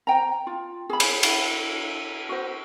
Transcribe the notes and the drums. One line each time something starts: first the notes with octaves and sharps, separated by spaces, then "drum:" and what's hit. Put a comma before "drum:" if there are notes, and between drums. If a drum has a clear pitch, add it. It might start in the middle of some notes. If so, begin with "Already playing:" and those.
C5 G5 A#5
F4
G#4 B5
drum: cymbal
drum: cymbal
F#4 C5